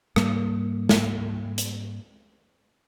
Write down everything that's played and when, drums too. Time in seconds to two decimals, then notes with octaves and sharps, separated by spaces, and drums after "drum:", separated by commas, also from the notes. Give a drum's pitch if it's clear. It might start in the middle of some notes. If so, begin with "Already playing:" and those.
0.16 G#2 G3 A#3, drum: rim click
0.89 drum: snare
1.58 drum: hi-hat